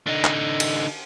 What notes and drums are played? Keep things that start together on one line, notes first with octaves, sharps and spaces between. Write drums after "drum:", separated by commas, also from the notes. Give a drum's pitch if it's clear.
D3 D#4
drum: clap
drum: cymbal